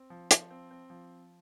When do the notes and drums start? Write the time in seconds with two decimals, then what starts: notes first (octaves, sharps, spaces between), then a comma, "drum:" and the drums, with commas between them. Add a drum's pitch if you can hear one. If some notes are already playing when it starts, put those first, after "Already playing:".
Already playing: C4
0.10 F3
0.31 F3, drum: hi-hat
0.50 C4
0.71 C4
0.90 F3